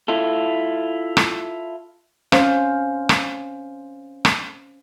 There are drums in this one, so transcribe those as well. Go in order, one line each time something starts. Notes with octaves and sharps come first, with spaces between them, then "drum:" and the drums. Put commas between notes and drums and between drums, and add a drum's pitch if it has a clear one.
E4 F4 A4
drum: rim click
C#4 C5 F5, drum: rim click
drum: rim click
drum: rim click